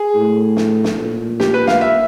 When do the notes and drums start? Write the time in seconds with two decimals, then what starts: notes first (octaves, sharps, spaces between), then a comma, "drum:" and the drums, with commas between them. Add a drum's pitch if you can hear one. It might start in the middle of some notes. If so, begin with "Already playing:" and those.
Already playing: G#4
0.15 A2
0.57 drum: snare
0.84 drum: snare
0.98 A#2
1.40 G4, drum: snare
1.54 B4
1.67 F5, drum: snare
1.81 E5